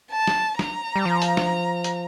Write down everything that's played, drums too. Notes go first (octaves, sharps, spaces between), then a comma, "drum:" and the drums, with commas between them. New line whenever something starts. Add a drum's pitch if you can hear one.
A5
drum: snare
A#5, drum: snare
G3
F3
drum: hi-hat
drum: snare
drum: hi-hat